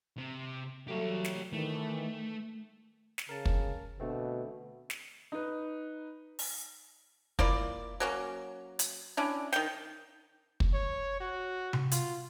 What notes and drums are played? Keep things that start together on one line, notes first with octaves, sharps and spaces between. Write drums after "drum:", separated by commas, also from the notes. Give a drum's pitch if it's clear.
C3
F#3 G3 A3 G4 C#5
drum: snare
D#3 E3 A3
drum: snare
C#3 A#4 A5
drum: kick
B2 D3 A3 C4
drum: snare
D#4 B4
drum: open hi-hat
A#3 E4 F4 D5, drum: kick
F#3 A#3 C#4
drum: hi-hat
C#4 D4 E4
D#3 G5, drum: snare
drum: kick
C#5
F#4
drum: tom C3
F4, drum: hi-hat